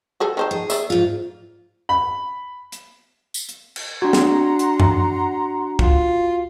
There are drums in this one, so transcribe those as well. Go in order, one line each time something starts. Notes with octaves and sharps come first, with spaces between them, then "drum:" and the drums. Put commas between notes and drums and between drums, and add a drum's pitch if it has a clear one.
F#4 G#4 A4
D#3 C5 A5
G#4
D5 E5, drum: tambourine
G#2 F4
B5
drum: hi-hat
drum: tambourine
drum: hi-hat
drum: cymbal
D4 F#4 F#5 A#5 C6 G#6
drum: snare
drum: hi-hat
drum: tom F#2
F4, drum: kick